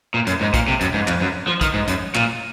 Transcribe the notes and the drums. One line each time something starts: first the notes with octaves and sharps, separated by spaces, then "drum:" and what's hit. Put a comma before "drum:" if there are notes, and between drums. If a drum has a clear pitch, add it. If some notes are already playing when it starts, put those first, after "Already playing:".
A#2
F#2, drum: hi-hat
G#2
A#2, drum: kick, hi-hat
C3
F#2, drum: hi-hat
G#2
F2, drum: clap
F#2
F3
D#3, drum: kick, hi-hat
G#2
F#2, drum: hi-hat
A#2, drum: clap